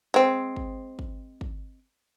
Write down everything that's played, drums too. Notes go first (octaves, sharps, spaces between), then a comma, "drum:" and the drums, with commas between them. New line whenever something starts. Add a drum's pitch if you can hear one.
G#3 C4
drum: kick
drum: kick
drum: kick